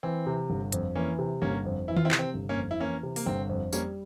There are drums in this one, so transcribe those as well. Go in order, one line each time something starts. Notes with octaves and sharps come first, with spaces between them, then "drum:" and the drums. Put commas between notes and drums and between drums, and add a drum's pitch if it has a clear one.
E3 C4
C3
G1
F2, drum: hi-hat
E3 A#3 C#4
C3
G1 A#3 C#4
F2
E3 E4
F4, drum: tom D#3
C4 E4
C3, drum: clap
C4
G1
A#3 C#4
F2
E4
E3 A#3 C#4
C3
A#3, drum: open hi-hat
G1 C4
F2
G3 A#3 C#4, drum: tambourine